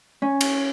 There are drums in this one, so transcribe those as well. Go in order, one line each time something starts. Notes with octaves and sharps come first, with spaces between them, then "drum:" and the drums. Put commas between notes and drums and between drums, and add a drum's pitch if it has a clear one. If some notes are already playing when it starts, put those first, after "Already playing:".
C#4
drum: cymbal